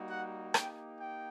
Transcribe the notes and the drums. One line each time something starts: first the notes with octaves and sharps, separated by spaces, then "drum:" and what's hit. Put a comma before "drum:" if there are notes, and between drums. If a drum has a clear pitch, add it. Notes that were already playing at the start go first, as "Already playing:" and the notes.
Already playing: G3 A#3 D#4 F#4
F#5
A#3 D#4 G4 G5, drum: rim click
G5